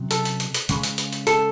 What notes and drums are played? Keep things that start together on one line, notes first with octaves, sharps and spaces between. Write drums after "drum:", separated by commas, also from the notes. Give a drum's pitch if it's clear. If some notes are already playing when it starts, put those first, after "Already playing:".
Already playing: C3 F#3 C#4
A4, drum: hi-hat
drum: hi-hat
drum: hi-hat
drum: hi-hat
C#3 G#3 C#4, drum: hi-hat
drum: hi-hat
drum: hi-hat
drum: hi-hat
A4, drum: hi-hat